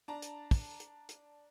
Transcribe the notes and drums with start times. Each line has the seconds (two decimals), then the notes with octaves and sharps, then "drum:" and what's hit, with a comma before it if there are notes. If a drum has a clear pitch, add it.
0.08 D4 A5 A#5
0.22 drum: hi-hat
0.51 drum: kick, open hi-hat
0.80 drum: hi-hat
1.09 drum: hi-hat